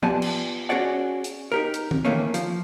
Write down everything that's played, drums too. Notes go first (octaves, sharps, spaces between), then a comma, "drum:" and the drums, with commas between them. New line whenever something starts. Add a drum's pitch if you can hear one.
B3 F4 G4 D5 G#5 A5, drum: tom F3
drum: cymbal
C#4 F#4 G#4 C#5 D5 F#5
drum: hi-hat
D#4 G4 A#4
drum: hi-hat
drum: tom D#3
D#3 E3 A3 A#3 C#4
F3, drum: hi-hat